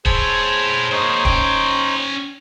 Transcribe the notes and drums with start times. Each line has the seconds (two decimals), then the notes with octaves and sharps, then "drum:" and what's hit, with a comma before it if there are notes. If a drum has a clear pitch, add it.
0.06 E4 G#4 C5 C#5 A5, drum: kick
0.91 A#3 D#4 G#4 C5 C#5
1.25 C#4 G5, drum: kick